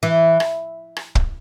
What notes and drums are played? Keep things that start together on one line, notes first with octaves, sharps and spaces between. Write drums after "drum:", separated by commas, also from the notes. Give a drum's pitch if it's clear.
E3
drum: rim click
drum: rim click
drum: kick